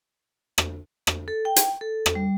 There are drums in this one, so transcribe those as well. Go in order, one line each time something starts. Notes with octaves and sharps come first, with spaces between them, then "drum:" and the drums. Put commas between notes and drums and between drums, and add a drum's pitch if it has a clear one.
drum: rim click
drum: rim click
A4
G5
drum: hi-hat
A4
drum: rim click
G3